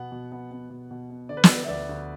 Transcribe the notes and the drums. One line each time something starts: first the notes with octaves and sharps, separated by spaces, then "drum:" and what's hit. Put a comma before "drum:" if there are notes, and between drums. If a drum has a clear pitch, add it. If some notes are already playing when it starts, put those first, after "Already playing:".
Already playing: B2 B3 F#5
B2
B3
B3
B2
B2
B3
D3 D5
B4
D5, drum: snare
B3
E5
D2 D5
D2